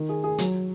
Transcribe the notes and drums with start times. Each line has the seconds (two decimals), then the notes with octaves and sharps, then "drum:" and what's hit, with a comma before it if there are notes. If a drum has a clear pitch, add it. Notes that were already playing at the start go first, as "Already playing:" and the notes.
Already playing: D#3
0.09 G#4
0.24 G#4
0.38 F#3, drum: hi-hat